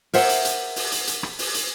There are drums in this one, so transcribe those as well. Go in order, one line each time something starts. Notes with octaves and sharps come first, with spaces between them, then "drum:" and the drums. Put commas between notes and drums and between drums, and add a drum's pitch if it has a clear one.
A#4 C5 E5 F#5, drum: open hi-hat
drum: hi-hat
drum: hi-hat
drum: open hi-hat
drum: hi-hat
drum: hi-hat
drum: rim click
drum: open hi-hat
drum: hi-hat